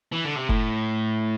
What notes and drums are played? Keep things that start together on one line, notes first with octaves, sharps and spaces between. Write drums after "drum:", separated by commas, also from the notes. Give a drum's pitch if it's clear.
E3
D3
C3
A2, drum: kick F1